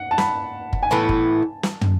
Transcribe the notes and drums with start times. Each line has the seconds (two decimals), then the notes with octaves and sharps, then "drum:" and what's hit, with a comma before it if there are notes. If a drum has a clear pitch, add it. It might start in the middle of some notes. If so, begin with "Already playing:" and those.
Already playing: F#5
0.11 A5
0.18 B5, drum: snare
0.73 drum: kick
0.83 G#5
0.91 A2 E3 B3 A5
1.09 drum: kick
1.63 drum: snare
1.81 drum: tom